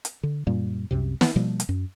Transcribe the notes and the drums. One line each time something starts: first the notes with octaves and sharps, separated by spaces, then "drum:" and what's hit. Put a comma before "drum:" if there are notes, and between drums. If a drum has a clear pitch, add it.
drum: hi-hat
D3
F#2 A#2 G3 A#3
C2 F#2 C3
B3, drum: snare
B2 F3 G3 A#3
drum: hi-hat
F#2